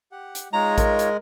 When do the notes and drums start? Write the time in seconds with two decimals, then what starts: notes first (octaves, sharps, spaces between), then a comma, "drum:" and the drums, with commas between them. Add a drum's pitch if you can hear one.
0.12 G4 F#5
0.35 drum: hi-hat
0.53 G#3 D#4 F4 C#5 A#5
0.78 A#4, drum: kick A1, hi-hat
0.99 drum: hi-hat